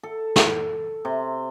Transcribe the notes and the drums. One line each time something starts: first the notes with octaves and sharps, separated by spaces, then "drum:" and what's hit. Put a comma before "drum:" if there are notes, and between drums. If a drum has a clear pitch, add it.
A4
drum: snare
C3